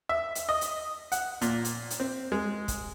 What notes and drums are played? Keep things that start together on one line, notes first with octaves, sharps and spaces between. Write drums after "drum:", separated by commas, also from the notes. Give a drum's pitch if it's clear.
E5
drum: hi-hat
D#5
drum: hi-hat
F#5, drum: hi-hat
A#2, drum: hi-hat
drum: hi-hat
drum: hi-hat
C4
G#3
drum: kick, hi-hat